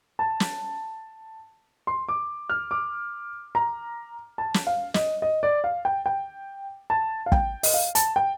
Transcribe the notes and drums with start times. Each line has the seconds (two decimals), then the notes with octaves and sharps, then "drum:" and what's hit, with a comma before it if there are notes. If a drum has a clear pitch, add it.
0.19 A5
0.40 drum: snare
1.87 C6
2.09 D6
2.49 F6
2.71 D6
3.55 A#5
4.38 A5
4.54 drum: snare
4.67 F5
4.94 D#5, drum: snare
5.22 D#5
5.43 D5
5.64 F5
5.85 G5
6.06 G5
6.90 A5
7.26 F5
7.32 G5, drum: kick
7.63 D#5, drum: open hi-hat
7.74 F5
7.95 A5, drum: hi-hat
8.16 G5